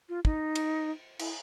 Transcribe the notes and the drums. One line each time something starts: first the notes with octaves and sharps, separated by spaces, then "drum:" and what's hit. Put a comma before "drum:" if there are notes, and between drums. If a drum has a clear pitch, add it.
F4
D#4, drum: kick
drum: cymbal
E4, drum: cymbal